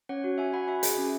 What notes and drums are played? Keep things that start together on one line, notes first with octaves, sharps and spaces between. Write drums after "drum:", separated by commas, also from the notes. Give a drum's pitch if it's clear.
C#4 C#5 F#5
F#4
F#4 E5 G#5
F#4 F#5 B5
F#4 E5 G#5
G#4, drum: hi-hat
C#4